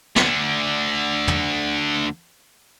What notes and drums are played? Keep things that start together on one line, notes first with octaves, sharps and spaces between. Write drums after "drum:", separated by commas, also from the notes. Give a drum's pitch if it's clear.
D2 D3, drum: snare
drum: tom